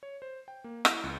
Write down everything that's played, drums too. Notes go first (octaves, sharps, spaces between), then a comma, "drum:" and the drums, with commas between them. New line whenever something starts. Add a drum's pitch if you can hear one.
C#5
C5
G5
A#3
E4, drum: rim click
C#2